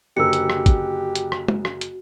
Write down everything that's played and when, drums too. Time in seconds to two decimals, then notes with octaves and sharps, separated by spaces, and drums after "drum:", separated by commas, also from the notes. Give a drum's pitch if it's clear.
0.17 F#1 D3 F#4 G4 A#4 E6 C#7
0.33 drum: hi-hat
0.50 drum: rim click
0.66 drum: kick, hi-hat
1.15 drum: hi-hat
1.32 drum: rim click
1.48 drum: tom
1.65 drum: rim click
1.81 drum: hi-hat